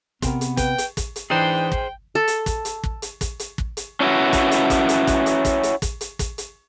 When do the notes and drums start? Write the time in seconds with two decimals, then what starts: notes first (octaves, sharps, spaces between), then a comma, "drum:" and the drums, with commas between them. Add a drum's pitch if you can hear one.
0.22 C3 B3 A#4 G5 C6, drum: kick, hi-hat
0.41 drum: hi-hat
0.57 B4 G5, drum: kick, hi-hat
0.78 drum: hi-hat
0.97 drum: kick, hi-hat
1.16 drum: hi-hat
1.30 E3 D4 D#4 G#4 C5 G5
1.72 drum: kick
2.15 A4
2.28 drum: hi-hat
2.46 drum: kick, hi-hat
2.65 drum: hi-hat
2.84 drum: kick
3.02 drum: hi-hat
3.21 drum: kick, hi-hat
3.39 drum: hi-hat
3.58 drum: kick
3.77 drum: hi-hat
4.00 C#4 D4 E4 F#4 B4
4.33 drum: kick, hi-hat
4.51 drum: hi-hat
4.70 drum: kick, hi-hat
4.89 drum: hi-hat
5.07 drum: kick, hi-hat
5.26 drum: hi-hat
5.45 drum: kick, hi-hat
5.63 drum: hi-hat
5.82 drum: kick, hi-hat
6.01 drum: hi-hat
6.19 drum: kick, hi-hat
6.38 drum: hi-hat